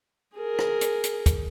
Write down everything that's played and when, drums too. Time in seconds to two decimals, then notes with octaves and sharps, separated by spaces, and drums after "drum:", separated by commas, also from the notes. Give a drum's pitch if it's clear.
0.36 G#4 A#4
0.59 drum: rim click
0.81 drum: hi-hat
1.04 drum: hi-hat
1.26 drum: kick, hi-hat